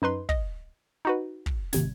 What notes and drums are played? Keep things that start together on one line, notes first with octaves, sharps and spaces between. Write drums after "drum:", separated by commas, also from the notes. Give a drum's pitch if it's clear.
F#2 D#4 B4 C6
D#5, drum: kick
D#4 F#4 B4
drum: kick
G#1 C3 G#6, drum: snare